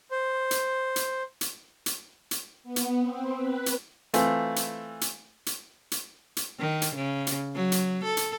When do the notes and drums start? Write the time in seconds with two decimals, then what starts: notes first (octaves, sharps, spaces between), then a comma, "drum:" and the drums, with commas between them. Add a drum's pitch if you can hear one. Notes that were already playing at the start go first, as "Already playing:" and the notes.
0.11 C5
0.51 drum: hi-hat
0.96 drum: hi-hat
1.41 drum: hi-hat
1.86 drum: hi-hat
2.31 drum: hi-hat
2.63 B3
2.76 drum: hi-hat
2.99 C4
3.35 B4
3.66 drum: hi-hat
4.14 E3 A3 C4 F4, drum: hi-hat
4.56 drum: hi-hat
5.01 drum: hi-hat
5.46 drum: hi-hat
5.91 drum: hi-hat
6.37 drum: hi-hat
6.59 D#3
6.82 drum: hi-hat
6.95 C#3
7.27 drum: hi-hat
7.55 F#3
7.72 drum: hi-hat
8.04 A4
8.17 drum: hi-hat